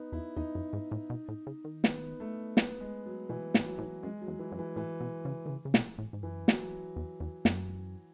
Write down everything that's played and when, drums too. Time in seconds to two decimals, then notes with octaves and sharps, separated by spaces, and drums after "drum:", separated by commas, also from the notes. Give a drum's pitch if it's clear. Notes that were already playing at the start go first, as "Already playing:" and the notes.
Already playing: B3 D#4
0.12 E2 E4
0.37 E2 D#4
0.55 F#2
0.73 G#2
0.92 A2
1.10 B2
1.29 A2
1.47 C#3
1.65 D#3
1.84 B3, drum: snare
2.20 A3
2.57 B3, drum: snare
2.81 G#3
3.06 F#3
3.29 B2 E3
3.54 A2, drum: snare
3.66 F#3
3.78 A2
4.03 F#2 G#3
4.22 F#3
4.28 E2
4.39 E3
4.52 F#2
4.59 E3
4.76 A2 E3
5.01 B2
5.25 C#3
5.46 D#3
5.49 C#3
5.65 C#3
5.74 B2, drum: snare
5.99 A2
6.13 G#2
6.23 F#2 E3
6.48 F#3, drum: snare
6.96 E2
7.20 E2
7.45 F#2, drum: snare